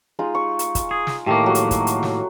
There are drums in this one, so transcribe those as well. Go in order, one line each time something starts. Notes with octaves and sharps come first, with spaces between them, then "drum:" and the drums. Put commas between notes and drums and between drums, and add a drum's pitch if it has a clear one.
G#3 D#4 F4
C#6
drum: hi-hat
drum: kick, hi-hat
G#4
drum: snare
A2 D#3 A3 A#3 G4
F3 F#3
drum: hi-hat
drum: kick, hi-hat
drum: hi-hat
drum: snare